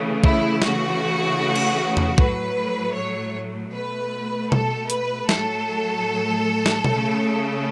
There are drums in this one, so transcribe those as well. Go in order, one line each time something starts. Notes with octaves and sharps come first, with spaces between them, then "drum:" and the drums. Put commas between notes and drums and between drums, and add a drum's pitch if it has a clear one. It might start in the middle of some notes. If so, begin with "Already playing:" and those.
Already playing: C#3 E3 A3
E4, drum: kick
C#3 E3 A3 F#4, drum: snare
drum: cymbal
drum: tom E2
A2 F#3 A3 B4, drum: kick
C#5
B2 A3 B4
A4, drum: tom B2
B4, drum: hi-hat
A2 F#3 A3 A4, drum: snare
drum: snare
C#3 A3, drum: tom B2